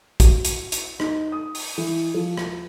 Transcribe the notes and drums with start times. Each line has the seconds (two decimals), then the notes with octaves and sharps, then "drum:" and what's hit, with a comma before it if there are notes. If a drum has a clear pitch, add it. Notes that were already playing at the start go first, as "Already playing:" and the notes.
0.20 F#4, drum: kick A#1, hi-hat
0.45 drum: hi-hat
0.72 drum: hi-hat
1.00 D#4, drum: rim click
1.32 D#6
1.55 drum: open hi-hat
1.78 E3
2.14 F3
2.37 drum: rim click